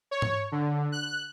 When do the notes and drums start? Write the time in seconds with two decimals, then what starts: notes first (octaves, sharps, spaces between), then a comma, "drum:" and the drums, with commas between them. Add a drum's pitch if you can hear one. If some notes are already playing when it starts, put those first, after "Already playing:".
0.11 C#5
0.22 drum: tom G#2
0.52 D3
0.92 F#6